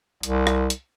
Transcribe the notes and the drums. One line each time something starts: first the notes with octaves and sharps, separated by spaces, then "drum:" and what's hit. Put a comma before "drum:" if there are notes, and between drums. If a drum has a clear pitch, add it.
C2, drum: hi-hat
drum: rim click
drum: hi-hat